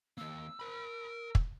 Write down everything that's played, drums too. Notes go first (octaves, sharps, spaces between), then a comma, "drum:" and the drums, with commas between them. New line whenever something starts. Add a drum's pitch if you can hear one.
D#3 A#3 E6
A#4 B5
drum: kick